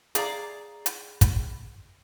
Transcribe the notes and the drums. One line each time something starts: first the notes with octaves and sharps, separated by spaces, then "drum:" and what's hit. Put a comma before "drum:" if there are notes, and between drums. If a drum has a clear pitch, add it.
G#4 D5 F5 A#5, drum: hi-hat
drum: hi-hat
drum: kick, hi-hat